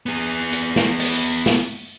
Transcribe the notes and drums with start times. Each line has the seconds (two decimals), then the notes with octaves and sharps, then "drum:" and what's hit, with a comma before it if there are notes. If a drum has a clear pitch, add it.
0.06 B3 G#4
0.53 drum: hi-hat
0.76 drum: snare
0.99 drum: open hi-hat
1.46 drum: snare